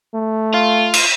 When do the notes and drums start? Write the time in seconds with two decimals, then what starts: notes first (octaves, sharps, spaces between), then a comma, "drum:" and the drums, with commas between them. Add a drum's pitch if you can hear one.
0.14 A3
0.54 F4
0.94 drum: cymbal